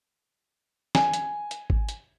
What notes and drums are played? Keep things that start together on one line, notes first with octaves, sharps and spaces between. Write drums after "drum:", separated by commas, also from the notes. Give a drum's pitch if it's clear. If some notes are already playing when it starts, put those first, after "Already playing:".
G#5, drum: snare
drum: hi-hat
drum: hi-hat
drum: kick G#1
drum: hi-hat